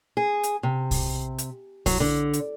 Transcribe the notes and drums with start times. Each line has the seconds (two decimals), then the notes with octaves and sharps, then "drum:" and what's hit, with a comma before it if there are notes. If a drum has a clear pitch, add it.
0.17 G#4
0.43 drum: hi-hat
0.63 C3
0.91 drum: kick, open hi-hat
1.38 drum: hi-hat
1.86 F#3, drum: kick, open hi-hat
2.00 D3
2.33 drum: hi-hat